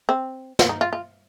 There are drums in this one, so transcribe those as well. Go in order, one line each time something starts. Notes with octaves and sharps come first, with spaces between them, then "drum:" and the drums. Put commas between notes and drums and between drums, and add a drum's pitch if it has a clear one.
C4
drum: snare
D#4
F4
F4